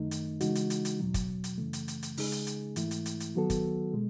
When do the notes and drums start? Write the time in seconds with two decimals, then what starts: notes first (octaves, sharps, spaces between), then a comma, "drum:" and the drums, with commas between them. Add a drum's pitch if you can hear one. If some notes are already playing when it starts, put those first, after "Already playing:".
Already playing: F#2 D#3 A3 D#4
0.11 drum: hi-hat
0.41 C#3 E3 G#3 D#4 F#4, drum: hi-hat
0.55 drum: hi-hat
0.70 drum: hi-hat
0.85 drum: hi-hat
1.00 E2 B2 F#3
1.14 drum: kick, hi-hat
1.44 drum: hi-hat
1.58 F#2 C#3 E3 A3
1.73 drum: hi-hat
1.88 drum: hi-hat
2.03 drum: hi-hat
2.17 C#3 G#3 D#4 G#4, drum: open hi-hat
2.32 drum: hi-hat
2.47 drum: hi-hat
2.76 G#2 E3 A3 E4, drum: hi-hat
2.91 drum: hi-hat
3.06 drum: hi-hat
3.20 drum: hi-hat
3.36 D#3 F#3 B3 F#4 A4
3.50 drum: kick, hi-hat
3.94 B2 G#3